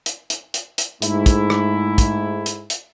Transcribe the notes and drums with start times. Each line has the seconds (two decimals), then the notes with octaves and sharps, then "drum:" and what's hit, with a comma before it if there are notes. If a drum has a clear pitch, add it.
0.06 drum: hi-hat
0.30 drum: hi-hat
0.54 drum: hi-hat
0.78 drum: hi-hat
1.02 G#2 A3 E4, drum: hi-hat
1.26 drum: kick, hi-hat
1.50 drum: rim click
1.98 drum: kick, hi-hat
2.46 drum: hi-hat
2.70 drum: hi-hat